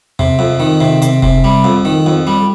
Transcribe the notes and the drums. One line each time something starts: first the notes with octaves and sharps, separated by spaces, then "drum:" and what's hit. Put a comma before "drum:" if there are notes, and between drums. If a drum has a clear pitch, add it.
C3, drum: tom E2
F2
D#3
C3
C3, drum: hi-hat
C3, drum: kick F1
G3
F2
D#3
F2
G3